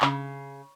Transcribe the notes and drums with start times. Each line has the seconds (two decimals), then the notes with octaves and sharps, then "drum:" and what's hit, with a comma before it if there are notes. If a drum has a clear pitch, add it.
0.01 C#3, drum: clap